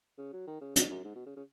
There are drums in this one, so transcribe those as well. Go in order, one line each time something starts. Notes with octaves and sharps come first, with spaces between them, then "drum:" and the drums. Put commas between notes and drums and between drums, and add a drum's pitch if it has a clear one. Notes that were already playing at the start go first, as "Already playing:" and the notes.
C#3
F#3
D#3
C#3
B2, drum: hi-hat
F#2
G#2
B2
C#3
C#3